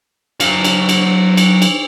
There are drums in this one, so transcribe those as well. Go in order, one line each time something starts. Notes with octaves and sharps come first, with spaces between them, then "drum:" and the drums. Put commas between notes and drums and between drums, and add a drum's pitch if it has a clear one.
F#3 F5, drum: cymbal
drum: cymbal
drum: cymbal
drum: cymbal
drum: cymbal